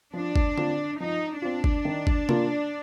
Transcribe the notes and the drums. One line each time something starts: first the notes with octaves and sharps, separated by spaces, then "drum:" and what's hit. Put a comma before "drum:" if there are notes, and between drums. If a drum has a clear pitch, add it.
F3 D4
drum: kick G1
C4 F4, drum: tom D3
F3 D#4
C4 D4 F4
drum: kick G1
D#3
drum: kick G1
A#3 F4, drum: tom C3